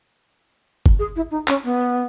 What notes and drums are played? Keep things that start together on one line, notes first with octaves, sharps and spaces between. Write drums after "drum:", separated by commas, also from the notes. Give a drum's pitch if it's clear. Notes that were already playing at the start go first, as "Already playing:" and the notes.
drum: kick G1
G#4
E4
D#4
C#4, drum: clap
B3